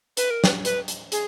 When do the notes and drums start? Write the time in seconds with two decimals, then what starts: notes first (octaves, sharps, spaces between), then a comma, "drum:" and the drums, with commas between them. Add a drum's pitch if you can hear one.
0.17 B4, drum: hi-hat
0.30 A#4
0.44 B4, drum: snare
0.65 B4, drum: hi-hat
0.88 drum: hi-hat
1.12 G#4, drum: hi-hat